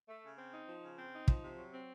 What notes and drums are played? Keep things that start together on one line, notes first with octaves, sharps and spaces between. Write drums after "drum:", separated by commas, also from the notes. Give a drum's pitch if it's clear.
A3
C#3
C4
D#4
F3
C#3
C4
D#4
F3, drum: kick
C3
F#3
C4